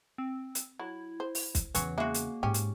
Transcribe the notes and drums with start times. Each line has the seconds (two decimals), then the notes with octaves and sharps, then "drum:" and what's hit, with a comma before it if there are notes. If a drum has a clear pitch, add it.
0.18 C4
0.55 drum: hi-hat
0.79 F#3 E4
1.20 C5
1.35 drum: open hi-hat
1.55 drum: kick, hi-hat
1.75 E2 C#3 E3 F#3 C#5, drum: hi-hat
1.98 G#3 A#3 E4 F#4
2.14 drum: hi-hat
2.43 G#2 C#4 G4
2.54 drum: hi-hat